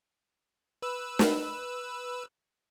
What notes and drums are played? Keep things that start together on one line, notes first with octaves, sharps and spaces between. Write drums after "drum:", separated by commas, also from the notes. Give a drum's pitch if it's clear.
B4 E6
drum: snare